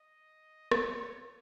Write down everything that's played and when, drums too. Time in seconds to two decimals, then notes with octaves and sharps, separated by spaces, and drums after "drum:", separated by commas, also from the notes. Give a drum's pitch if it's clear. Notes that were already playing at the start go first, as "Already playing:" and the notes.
Already playing: D#5
0.71 C#5, drum: rim click